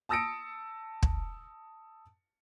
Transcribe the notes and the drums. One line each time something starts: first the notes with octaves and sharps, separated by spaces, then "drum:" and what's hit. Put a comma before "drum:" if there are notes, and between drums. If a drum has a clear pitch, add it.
A5 D#6 E6 A#6 C#7 D7
drum: kick